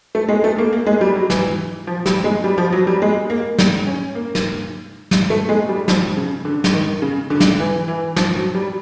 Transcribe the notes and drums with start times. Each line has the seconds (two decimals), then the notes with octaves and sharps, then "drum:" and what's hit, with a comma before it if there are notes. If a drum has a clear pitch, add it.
0.15 A3
0.29 G#3
0.44 A3
0.58 A#3
0.73 A#3
0.87 G#3
1.01 G3
1.15 F#3
1.30 E3, drum: snare
1.87 F3
2.06 G3, drum: snare
2.24 G#3
2.44 G3
2.58 F3
2.72 F#3
2.87 G3
3.02 G#3
3.30 A#3
3.59 drum: snare
3.87 C#4
4.15 A#3
4.35 drum: snare
5.11 drum: snare
5.30 A3
5.49 G#3
5.69 G3
5.88 F3, drum: snare
6.17 C#3
6.45 D3
6.64 drum: snare
6.74 D#3
7.02 C#3
7.30 D3
7.40 drum: snare
7.60 E3
7.88 E3
8.16 F3, drum: snare
8.35 F#3
8.55 G3